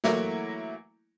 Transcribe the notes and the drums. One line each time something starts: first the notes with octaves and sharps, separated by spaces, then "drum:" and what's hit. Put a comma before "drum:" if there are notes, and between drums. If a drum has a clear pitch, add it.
E3 F#3 A3 A#3 E4, drum: snare